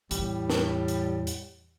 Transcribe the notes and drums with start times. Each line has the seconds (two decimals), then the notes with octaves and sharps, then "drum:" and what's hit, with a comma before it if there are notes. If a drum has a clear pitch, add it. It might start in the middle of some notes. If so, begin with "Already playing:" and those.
0.11 E2 A2 G3, drum: hi-hat
0.50 drum: snare
0.88 drum: hi-hat
1.27 drum: hi-hat